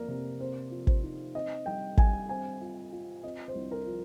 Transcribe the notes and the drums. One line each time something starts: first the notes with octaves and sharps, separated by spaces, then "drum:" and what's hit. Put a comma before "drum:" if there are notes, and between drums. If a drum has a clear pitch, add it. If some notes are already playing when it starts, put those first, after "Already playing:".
Already playing: F2 A#3 A#4 D5
C3
C4 C5
F3
C5, drum: kick
D#4
C4 D#5
G3 G5
G3 G#5, drum: kick
C4 G#5
F4
F4
C4 D#5
C5
C2
A#4
F3